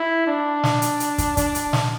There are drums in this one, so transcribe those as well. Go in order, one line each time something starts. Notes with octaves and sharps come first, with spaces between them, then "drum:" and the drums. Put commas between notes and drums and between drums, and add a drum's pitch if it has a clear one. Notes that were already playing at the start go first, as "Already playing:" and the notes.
Already playing: E4
D4
drum: snare
drum: hi-hat
drum: hi-hat
drum: kick, hi-hat
D4, drum: kick, hi-hat
drum: hi-hat
drum: snare